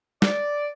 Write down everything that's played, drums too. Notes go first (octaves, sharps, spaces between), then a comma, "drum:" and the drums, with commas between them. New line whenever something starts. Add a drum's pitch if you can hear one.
D5, drum: snare